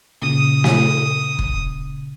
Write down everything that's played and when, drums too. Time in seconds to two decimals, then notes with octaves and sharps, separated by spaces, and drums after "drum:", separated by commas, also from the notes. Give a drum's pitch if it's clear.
0.22 A#2 C#3 D#6
0.64 drum: snare
1.39 drum: kick